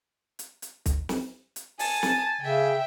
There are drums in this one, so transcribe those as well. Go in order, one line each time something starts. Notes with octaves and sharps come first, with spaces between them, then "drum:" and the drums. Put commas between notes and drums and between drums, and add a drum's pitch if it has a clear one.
drum: hi-hat
drum: hi-hat
drum: kick, hi-hat
drum: snare
drum: hi-hat
G#5 A5 D#6, drum: open hi-hat
drum: snare
C#3 E5 G5